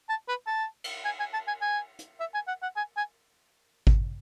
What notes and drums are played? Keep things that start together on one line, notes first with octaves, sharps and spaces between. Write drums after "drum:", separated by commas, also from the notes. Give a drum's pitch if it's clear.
A5
B4
A5
drum: cymbal
G#5
G#5
A5
G#5
G#5
drum: hi-hat
E5
G#5
F#5
F#5
G#5
G#5
drum: kick G#1